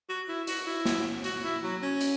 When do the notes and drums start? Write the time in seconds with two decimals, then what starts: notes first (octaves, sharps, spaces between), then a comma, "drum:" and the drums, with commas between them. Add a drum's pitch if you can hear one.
0.08 F#4
0.28 E4
0.47 F#4, drum: hi-hat
0.66 E4
0.85 drum: snare
1.24 F#4, drum: hi-hat
1.43 E4
1.63 F#3
1.82 C#4
2.01 drum: hi-hat